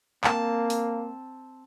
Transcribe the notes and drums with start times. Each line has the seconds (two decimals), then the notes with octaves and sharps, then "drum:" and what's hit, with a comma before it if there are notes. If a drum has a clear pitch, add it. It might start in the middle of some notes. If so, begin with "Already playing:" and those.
0.24 A#3 C4 A5, drum: clap
0.70 drum: open hi-hat